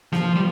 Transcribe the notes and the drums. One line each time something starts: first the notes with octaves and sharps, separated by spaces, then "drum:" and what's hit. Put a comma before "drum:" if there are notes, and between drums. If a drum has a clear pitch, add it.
F3, drum: snare A#3
G3